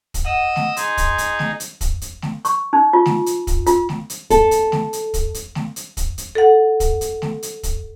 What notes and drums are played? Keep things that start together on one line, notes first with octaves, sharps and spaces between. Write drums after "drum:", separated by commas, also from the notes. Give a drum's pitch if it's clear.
drum: kick, hi-hat
D#5 F#5 D#6 E6
drum: snare A3
D#4 G#4 C6, drum: hi-hat
drum: kick, hi-hat
drum: hi-hat
drum: snare A3
drum: hi-hat
drum: kick, hi-hat
drum: hi-hat
drum: snare A3
C#6, drum: hi-hat
D#4
F4
drum: snare A3
drum: hi-hat
drum: kick, hi-hat
F4, drum: hi-hat
drum: snare A3
drum: hi-hat
A4, drum: kick, hi-hat
drum: hi-hat
drum: snare A3
drum: hi-hat
drum: kick, hi-hat
drum: hi-hat
drum: snare A3
drum: hi-hat
drum: kick, hi-hat
drum: hi-hat
A4 F#5
drum: kick, hi-hat
drum: hi-hat
drum: snare A3
drum: hi-hat
drum: kick, hi-hat